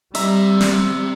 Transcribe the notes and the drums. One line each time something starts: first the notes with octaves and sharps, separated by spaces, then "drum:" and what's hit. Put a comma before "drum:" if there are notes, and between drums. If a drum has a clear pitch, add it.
G3 C4 E5 A#5, drum: hi-hat
drum: snare